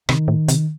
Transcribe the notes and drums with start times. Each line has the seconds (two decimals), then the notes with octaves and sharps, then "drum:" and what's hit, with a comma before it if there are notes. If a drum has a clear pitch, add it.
0.09 C3 D#3, drum: rim click
0.28 A2
0.48 C3, drum: hi-hat